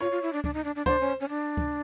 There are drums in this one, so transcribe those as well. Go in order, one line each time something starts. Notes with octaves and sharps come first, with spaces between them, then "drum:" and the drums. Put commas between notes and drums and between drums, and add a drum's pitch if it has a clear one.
F4 C#5
F4
E4
D4
D4, drum: kick C#2
D#4
D4
D4
D4 C5, drum: kick C#2
C#4
C#4
D4
drum: kick C#2